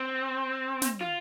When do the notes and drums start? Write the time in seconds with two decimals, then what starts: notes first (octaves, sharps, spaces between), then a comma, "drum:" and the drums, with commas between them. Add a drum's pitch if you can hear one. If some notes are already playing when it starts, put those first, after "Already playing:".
Already playing: C4
0.82 drum: snare
1.01 F4